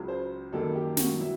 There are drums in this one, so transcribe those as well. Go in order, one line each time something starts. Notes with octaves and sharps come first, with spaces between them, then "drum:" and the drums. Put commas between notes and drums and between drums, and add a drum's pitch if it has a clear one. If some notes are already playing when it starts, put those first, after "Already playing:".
Already playing: C#2 C#3 F#3
C5
F#2 D#3 G3 A#3 A4
G4
F#4, drum: snare
B2 F#3 E4